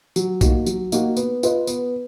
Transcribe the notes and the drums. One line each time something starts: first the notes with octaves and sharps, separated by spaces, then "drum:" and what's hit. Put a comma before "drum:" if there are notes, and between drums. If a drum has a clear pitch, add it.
F#3, drum: tambourine
A#3 D#4 F#4, drum: kick, tambourine
F#3, drum: tambourine
A#3 D#4 F#4, drum: tambourine
B3, drum: tambourine
F4 B4 D#5, drum: tambourine
B3, drum: tambourine